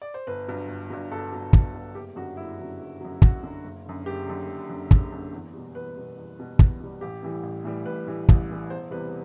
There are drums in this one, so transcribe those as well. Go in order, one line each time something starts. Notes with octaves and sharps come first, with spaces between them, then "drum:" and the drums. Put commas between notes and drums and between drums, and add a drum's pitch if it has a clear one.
D5
C5
G1 B4
G2 F#3
G1
G2 F#3
G1 A4
G2 F#3
G1, drum: kick
G2 F#3
F#1 G4
F#2 D3 F#3 F#4
F#1 E4
F#2 D3 F#3
F#1
F#2 D3 F#3
F#1 F#4, drum: kick
F#2 D3 F#3
F#1
F#2 D3
F#1 G4
F#2 D3
F#1
F#2 D3
F#1, drum: kick
F#2 D3
E2
B2 G3
E2 B4
B2 G3
E2
B2 G3
E2, drum: kick
B2 G3
A1 G4
A2 E3 G3
A1
A2 E3 G3
A1 B4
A2 E3 G3
A1, drum: kick
A2 E3 G3
E1 C5
E2 C3 G3 B4